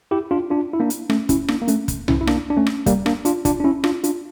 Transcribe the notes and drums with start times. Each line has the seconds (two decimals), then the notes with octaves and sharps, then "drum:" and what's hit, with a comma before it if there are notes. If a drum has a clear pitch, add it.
0.11 E4 G4
0.31 D4 F4
0.50 D4 F4
0.73 E4
0.80 A#3 D4
0.90 drum: hi-hat
1.10 A3 C#4, drum: rim click
1.29 C#4 E4, drum: kick, hi-hat
1.48 A#3 D4, drum: rim click
1.62 A#3
1.68 A3 C#4, drum: hi-hat
1.88 drum: kick, hi-hat
2.08 C#4 E4, drum: tom C2
2.21 E4
2.27 A#3 D4, drum: rim click
2.50 D4
2.57 A3 C#4
2.66 drum: rim click
2.86 G3 A#3, drum: kick, hi-hat
3.06 A#3 D4, drum: rim click
3.25 D4 F4, drum: hi-hat
3.45 D4 F4, drum: kick, hi-hat
3.60 D4
3.64 C#4 E4
3.84 D4 F4, drum: rim click
4.04 D4 F4, drum: hi-hat